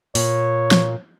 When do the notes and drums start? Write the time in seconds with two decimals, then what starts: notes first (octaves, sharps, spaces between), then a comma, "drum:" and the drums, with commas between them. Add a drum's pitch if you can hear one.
0.15 A#2 C#5, drum: open hi-hat
0.71 drum: snare